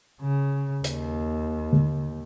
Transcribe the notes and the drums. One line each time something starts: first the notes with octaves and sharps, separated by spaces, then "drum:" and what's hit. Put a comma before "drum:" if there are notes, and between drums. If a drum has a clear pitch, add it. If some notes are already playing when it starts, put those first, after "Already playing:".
C#3
D#2, drum: hi-hat
drum: tom D3